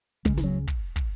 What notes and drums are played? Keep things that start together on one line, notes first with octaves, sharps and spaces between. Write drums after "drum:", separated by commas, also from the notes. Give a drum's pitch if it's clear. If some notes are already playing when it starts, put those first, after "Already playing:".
C#2 C#3 G#3, drum: kick
E3, drum: snare
F#3
drum: kick
drum: kick